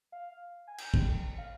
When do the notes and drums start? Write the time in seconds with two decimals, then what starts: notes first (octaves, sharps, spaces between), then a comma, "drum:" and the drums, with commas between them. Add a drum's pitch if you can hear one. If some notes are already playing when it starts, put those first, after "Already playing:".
0.12 F5
0.67 G#5
0.78 G5, drum: cymbal
0.94 drum: kick
1.38 F5